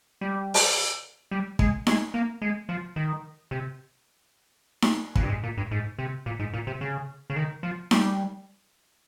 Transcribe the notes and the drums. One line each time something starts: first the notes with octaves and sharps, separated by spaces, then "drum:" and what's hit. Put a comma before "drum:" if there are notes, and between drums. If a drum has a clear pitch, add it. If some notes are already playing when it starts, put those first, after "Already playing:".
G3
drum: open hi-hat
G3
G#3, drum: kick
G#3, drum: snare D#4
A#3
G#3
F3
D#3
C3
drum: snare D#4
F2, drum: kick
G2
G#2
A#2
G2
G#2
C3
A#2
G#2
A#2
C3
C#3
C#3
D#3
F3
G3, drum: snare D#4